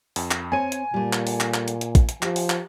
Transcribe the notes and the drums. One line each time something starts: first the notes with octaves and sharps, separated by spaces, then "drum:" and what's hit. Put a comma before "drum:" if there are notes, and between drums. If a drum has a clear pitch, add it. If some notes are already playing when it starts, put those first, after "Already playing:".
F2, drum: open hi-hat
drum: clap
C4 C#5 G#5 D#7
drum: hi-hat
A#2 G3 A3
drum: clap
drum: open hi-hat
drum: clap
drum: clap
drum: hi-hat
drum: hi-hat
drum: kick A#1, hi-hat
drum: hi-hat
F3 G4, drum: clap
drum: open hi-hat
drum: clap